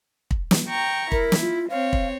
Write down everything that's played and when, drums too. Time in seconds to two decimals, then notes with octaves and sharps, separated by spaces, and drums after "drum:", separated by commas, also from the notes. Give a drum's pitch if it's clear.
0.31 drum: kick
0.51 drum: snare
0.67 G5 A#5 C#6
1.12 E4 A#4, drum: kick
1.32 drum: snare
1.41 F4
1.70 C4 C#5 F5
1.93 drum: kick